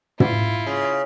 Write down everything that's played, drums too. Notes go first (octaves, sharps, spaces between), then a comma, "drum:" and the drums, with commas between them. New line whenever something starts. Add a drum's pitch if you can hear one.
E4 F4, drum: tom
C#3